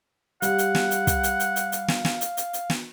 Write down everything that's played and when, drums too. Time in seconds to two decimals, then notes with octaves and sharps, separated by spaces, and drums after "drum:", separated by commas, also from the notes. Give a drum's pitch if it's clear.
0.42 G3 F5 F#5, drum: hi-hat
0.58 drum: hi-hat
0.75 drum: snare
0.91 drum: hi-hat
1.07 drum: kick, hi-hat
1.23 drum: hi-hat
1.40 drum: hi-hat
1.56 drum: hi-hat
1.72 drum: hi-hat
1.88 drum: snare
2.05 drum: snare
2.21 drum: hi-hat
2.37 drum: hi-hat
2.53 drum: hi-hat
2.70 drum: snare